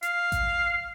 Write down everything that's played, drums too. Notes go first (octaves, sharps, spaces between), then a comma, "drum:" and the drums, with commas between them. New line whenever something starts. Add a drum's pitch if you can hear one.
F5, drum: hi-hat
drum: kick A1, hi-hat